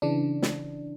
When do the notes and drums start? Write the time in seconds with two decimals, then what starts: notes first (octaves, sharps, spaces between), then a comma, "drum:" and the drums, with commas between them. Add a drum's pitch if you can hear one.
0.02 C#3 E3 D4
0.42 drum: snare